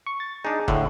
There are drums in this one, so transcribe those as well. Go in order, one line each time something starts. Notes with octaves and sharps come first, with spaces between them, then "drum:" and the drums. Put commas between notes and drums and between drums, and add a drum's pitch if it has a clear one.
C#6
A6
D4 D#4 G#4
D2 A2 D3, drum: kick